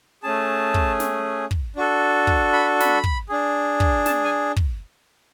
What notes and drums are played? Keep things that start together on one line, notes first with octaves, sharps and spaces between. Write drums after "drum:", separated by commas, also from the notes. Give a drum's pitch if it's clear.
A3 C#4 G#4 A5
drum: kick
drum: snare
drum: kick
D4 F#4 A4
drum: kick
B5
B5, drum: snare
drum: kick
D4 G#4
drum: kick
A5, drum: snare
G#5
drum: kick